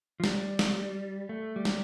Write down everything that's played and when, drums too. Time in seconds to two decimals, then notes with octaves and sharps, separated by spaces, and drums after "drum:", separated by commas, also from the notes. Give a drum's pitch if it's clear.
0.20 F3
0.24 G3, drum: snare
0.59 drum: snare
1.29 A3
1.56 G3
1.65 drum: snare